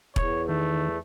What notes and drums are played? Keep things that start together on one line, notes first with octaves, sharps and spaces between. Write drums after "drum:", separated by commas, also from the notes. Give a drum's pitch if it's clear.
E2 C#5, drum: kick E1
D#3 A3